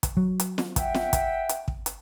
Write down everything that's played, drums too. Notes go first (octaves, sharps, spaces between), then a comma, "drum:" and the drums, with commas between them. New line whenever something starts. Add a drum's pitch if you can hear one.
drum: kick, hi-hat
F#3
drum: hi-hat
drum: snare
E5 F#5 G5, drum: kick, hi-hat
drum: snare
drum: kick, hi-hat
drum: hi-hat
drum: kick
drum: hi-hat